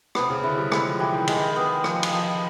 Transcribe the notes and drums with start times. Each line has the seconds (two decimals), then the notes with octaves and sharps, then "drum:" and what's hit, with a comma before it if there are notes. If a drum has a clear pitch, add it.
0.15 C3 B3, drum: rim click
0.30 C#3
0.43 D3 E4
0.58 G3
0.72 G#3 E4, drum: rim click
0.85 F3
0.99 E3 G4
1.14 D#3
1.28 D#3 G#3, drum: cymbal
1.56 B3
1.84 F3, drum: rim click
2.03 drum: cymbal
2.13 F3